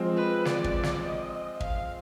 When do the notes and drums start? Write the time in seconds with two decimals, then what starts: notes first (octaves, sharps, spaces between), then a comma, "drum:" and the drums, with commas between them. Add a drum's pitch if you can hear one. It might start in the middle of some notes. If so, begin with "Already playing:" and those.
Already playing: F3 G#3 C4
0.16 B4
0.45 D5, drum: snare
0.64 drum: kick
0.83 drum: snare
1.03 D#5
1.60 F5, drum: kick